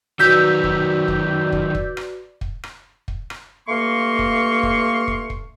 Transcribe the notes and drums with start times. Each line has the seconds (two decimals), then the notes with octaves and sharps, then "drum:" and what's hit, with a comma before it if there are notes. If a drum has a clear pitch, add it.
0.19 D#3 F#3 F#4 B4 D5 E6 G6 B6
0.64 drum: kick
1.08 drum: kick
1.52 drum: kick
1.75 drum: kick
1.97 drum: rim click
2.41 drum: kick
2.63 drum: rim click
3.08 drum: kick
3.30 drum: rim click
3.69 G2 A3 A#3 F5 C6 C#6
4.19 drum: kick
4.63 drum: kick
5.08 drum: kick
5.30 drum: kick